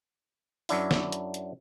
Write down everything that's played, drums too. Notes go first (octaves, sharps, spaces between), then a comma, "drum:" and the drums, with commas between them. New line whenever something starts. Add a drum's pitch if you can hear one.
F#2 F#3 D4 E4, drum: open hi-hat
drum: snare
drum: hi-hat
drum: hi-hat